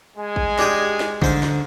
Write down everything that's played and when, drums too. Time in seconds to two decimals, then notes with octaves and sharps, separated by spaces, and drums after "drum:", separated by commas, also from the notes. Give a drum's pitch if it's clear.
0.18 G#3 G#5
0.36 drum: kick
0.59 D4 G4 G#4, drum: snare
1.00 drum: snare
1.22 G#2 D3 C5 F5, drum: kick
1.43 drum: snare